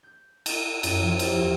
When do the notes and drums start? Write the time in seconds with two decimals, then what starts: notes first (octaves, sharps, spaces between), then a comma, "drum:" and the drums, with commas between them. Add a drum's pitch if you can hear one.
0.03 G6
0.46 drum: cymbal
0.83 F#2, drum: cymbal
1.02 F3
1.19 G4, drum: cymbal
1.34 E2